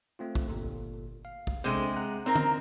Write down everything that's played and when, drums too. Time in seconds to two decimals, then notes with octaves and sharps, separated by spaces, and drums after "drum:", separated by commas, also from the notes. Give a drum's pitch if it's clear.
0.19 A3 C4 F4
0.35 drum: kick
0.48 G1 A#2 A4
1.25 F5
1.47 drum: kick
1.64 C3 G#3 D4 A4 C5
1.96 F#5 A#5 F#6
2.26 C4 D#4 A#4 A#5
2.35 drum: tom